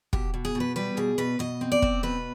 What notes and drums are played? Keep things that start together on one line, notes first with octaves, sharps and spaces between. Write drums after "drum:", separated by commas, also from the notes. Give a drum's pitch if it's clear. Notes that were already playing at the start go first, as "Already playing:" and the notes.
B2 G4, drum: kick
B2
G#4
B2
B4
G3 B4
B2 G#4
B2 B4
B2 D#5
C4
D5
C4, drum: kick
B2 B4